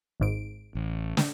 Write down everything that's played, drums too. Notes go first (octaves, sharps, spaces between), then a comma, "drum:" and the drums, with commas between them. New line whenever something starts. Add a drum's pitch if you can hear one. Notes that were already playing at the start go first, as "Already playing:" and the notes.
G#1 G#2 D7
A1
drum: snare